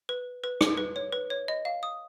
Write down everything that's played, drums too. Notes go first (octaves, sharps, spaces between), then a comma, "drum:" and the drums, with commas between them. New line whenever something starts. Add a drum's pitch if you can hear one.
B4
B4
drum: rim click
B4
C#5
B4
C#5
D#5
F5
D#6